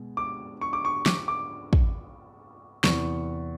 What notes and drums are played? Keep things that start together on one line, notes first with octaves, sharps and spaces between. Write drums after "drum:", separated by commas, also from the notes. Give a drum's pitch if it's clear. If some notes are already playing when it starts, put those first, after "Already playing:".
Already playing: B2 G#3
D6
C#6
D6
C#6
D6, drum: snare
C#6
D6
drum: kick
E2 C3 E3 C#6, drum: snare